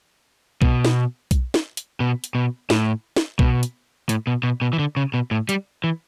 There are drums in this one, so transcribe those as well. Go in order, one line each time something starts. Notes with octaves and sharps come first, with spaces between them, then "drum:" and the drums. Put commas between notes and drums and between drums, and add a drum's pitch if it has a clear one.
B2, drum: kick B1
drum: snare
drum: kick B1, hi-hat
drum: snare
drum: hi-hat
B2
drum: hi-hat
B2
A2, drum: snare
drum: snare
B2, drum: kick B1
drum: hi-hat
A2, drum: hi-hat
B2
B2
B2
E3
D3
C#3
B2
A2
G3, drum: hi-hat
E3